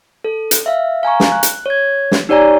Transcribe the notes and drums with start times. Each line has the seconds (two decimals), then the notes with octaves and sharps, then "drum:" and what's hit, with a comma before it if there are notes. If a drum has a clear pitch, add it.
0.24 A4
0.51 drum: hi-hat
0.66 E5 F5
1.03 F5 G#5 A#5 C#6
1.20 drum: snare
1.32 F#6
1.43 drum: hi-hat
1.66 C#5 G#6
2.12 drum: snare
2.29 D#4 G4 C#5 D5 G#5 A#5